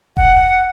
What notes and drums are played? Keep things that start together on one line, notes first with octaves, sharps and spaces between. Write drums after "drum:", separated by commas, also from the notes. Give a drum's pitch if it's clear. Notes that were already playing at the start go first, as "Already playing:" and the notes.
F#5, drum: kick F1